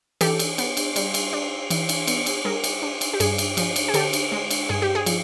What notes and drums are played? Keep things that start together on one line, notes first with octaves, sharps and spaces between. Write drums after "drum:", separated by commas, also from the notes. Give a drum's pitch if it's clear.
E3 G4 A4, drum: cymbal
drum: cymbal
B3, drum: cymbal
drum: cymbal
G3, drum: cymbal
drum: cymbal
D4
E3, drum: cymbal
drum: cymbal
B3, drum: cymbal
drum: cymbal
G3 G#4 A#4
drum: cymbal
D4
drum: cymbal
G4
G2 G#4, drum: cymbal
drum: cymbal
F3, drum: cymbal
drum: cymbal
G#4
D3 G4 A4, drum: cymbal
drum: cymbal
G#3
drum: cymbal
G2 G#4
G4
G#4
F3, drum: cymbal